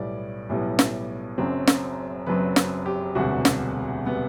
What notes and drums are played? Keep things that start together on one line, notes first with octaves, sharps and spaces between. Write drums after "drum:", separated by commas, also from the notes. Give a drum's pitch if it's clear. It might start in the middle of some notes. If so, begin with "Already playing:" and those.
Already playing: B1 A2 G3 B3 D5
B1 A2 G3 B3
drum: snare
F#1 F#2 F#3 C4
drum: snare
F#1 F#2 F#3 C4 B4
drum: snare
G4
E1 D2 C3 G3 B3 F#4
drum: snare
C3 G3 B3